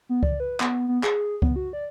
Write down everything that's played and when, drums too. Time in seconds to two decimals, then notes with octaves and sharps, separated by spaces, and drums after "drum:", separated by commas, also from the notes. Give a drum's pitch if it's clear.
0.09 B3
0.23 D5, drum: kick C#2
0.40 B4
0.60 B3, drum: clap
0.88 B3
1.03 G#4, drum: clap
1.42 B3, drum: kick C#2
1.56 F#4
1.73 D5